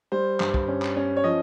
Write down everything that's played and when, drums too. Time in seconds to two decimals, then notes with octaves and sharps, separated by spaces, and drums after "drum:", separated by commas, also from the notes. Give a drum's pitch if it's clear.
0.12 G3 C5
0.40 G2, drum: clap
0.54 drum: kick
0.68 C#4
0.82 drum: clap
0.96 C#4
1.17 C#5
1.24 F3 D#5